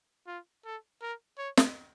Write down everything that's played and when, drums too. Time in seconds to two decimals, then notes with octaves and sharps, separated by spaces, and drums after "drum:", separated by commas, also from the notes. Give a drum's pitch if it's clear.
0.27 F4
0.65 A4
1.02 A#4
1.38 C#5
1.57 drum: snare